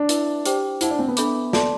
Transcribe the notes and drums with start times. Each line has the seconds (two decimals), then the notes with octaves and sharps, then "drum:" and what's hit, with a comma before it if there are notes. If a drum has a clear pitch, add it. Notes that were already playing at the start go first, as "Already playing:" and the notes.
Already playing: D4
0.09 E4 B4 E5, drum: hi-hat
0.45 G4 C5 G5 D6, drum: hi-hat
0.81 E4 C5 F#5 A5, drum: hi-hat
0.91 D4
0.99 C4
1.08 B3
1.17 D4 A4 E5 B5 D6, drum: hi-hat
1.53 A4 D5 A5 C6, drum: snare